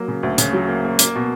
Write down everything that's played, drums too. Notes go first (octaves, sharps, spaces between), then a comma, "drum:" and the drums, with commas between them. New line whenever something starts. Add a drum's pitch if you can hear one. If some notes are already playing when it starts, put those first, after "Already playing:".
Already playing: F#3 A#3
C#3
D2
C#3, drum: hi-hat
F#3
A#3
A#3
A#3, drum: hi-hat
B2